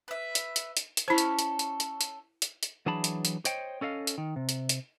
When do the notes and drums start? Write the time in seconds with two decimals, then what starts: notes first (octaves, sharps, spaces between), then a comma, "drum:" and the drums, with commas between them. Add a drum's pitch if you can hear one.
0.08 B4 E5
0.35 drum: hi-hat
0.56 drum: hi-hat
0.77 drum: hi-hat
0.97 drum: hi-hat
1.08 C#4 E4 A4 C5
1.18 drum: hi-hat
1.39 drum: hi-hat
1.59 drum: hi-hat
1.80 drum: hi-hat
2.01 drum: hi-hat
2.42 drum: hi-hat
2.63 drum: hi-hat
2.86 E3 F#3 D4 G#4 A5 B5
3.04 drum: hi-hat
3.25 drum: hi-hat
3.45 C5 C#5 D#5 G5, drum: hi-hat
3.81 C#4 A4 D#5 F5
4.07 drum: hi-hat
4.18 D#3
4.36 C3
4.49 drum: hi-hat
4.69 drum: hi-hat